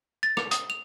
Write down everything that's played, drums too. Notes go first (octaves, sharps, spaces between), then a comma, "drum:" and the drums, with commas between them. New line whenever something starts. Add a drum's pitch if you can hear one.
A6
F7, drum: rim click
D#6, drum: hi-hat
F7